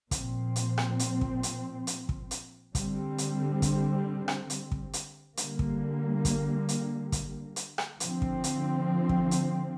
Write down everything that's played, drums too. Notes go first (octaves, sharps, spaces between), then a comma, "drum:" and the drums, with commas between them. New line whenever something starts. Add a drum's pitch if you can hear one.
A#2 F3 C4, drum: kick, hi-hat
drum: hi-hat
drum: rim click
drum: hi-hat
drum: kick
drum: hi-hat
drum: hi-hat
drum: kick
drum: hi-hat
D3 G3 C4, drum: kick, hi-hat
drum: hi-hat
drum: kick, hi-hat
drum: rim click
drum: hi-hat
drum: kick
drum: hi-hat
D3 G3 A#3, drum: hi-hat
drum: kick
drum: kick, hi-hat
drum: hi-hat
drum: kick, hi-hat
drum: hi-hat
drum: rim click
D3 F3 C4, drum: hi-hat
drum: kick
drum: hi-hat
drum: kick
drum: hi-hat